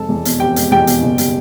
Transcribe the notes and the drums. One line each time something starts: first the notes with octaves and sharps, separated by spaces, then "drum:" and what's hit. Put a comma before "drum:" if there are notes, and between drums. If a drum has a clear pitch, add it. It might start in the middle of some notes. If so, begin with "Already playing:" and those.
Already playing: F1 G#3 A4 A5
E2
B2, drum: hi-hat
F1 G4 G5
G#3, drum: hi-hat
E2 G4 G5
B2, drum: hi-hat
F#1
G3, drum: hi-hat